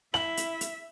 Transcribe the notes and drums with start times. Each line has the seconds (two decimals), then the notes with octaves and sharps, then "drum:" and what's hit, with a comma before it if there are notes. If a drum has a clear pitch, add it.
0.14 E4 E5 F#7, drum: rim click
0.37 drum: hi-hat
0.61 drum: hi-hat